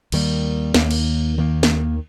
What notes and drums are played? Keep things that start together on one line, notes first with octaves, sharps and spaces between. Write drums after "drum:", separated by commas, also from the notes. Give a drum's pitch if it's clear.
D#2 D#3 G3 A#3, drum: cymbal
D#2 D#3 A#3, drum: snare
drum: cymbal
D#2 D#3 A#3
drum: snare